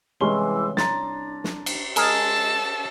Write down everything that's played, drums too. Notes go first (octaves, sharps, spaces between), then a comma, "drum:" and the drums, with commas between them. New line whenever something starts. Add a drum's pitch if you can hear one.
C2 E3 G#3 C#4 C6 G7
D4 A#5 C6 A6, drum: snare
drum: snare
drum: cymbal
G#3 G#4 A#4 D#5 A5 E6, drum: cymbal